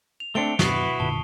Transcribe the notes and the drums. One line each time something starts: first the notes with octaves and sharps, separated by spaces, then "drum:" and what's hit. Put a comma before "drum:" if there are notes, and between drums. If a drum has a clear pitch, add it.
F7
A3 C4 D4 C#7 D7 G7
F#2 B2 E4 F#4 B4 C#6 D#6 C7, drum: snare
F1 A#2 D3 A5 G7